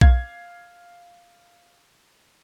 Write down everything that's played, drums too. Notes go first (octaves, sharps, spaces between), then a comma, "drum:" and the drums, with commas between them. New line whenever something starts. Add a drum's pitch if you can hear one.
F5 G#6, drum: kick B1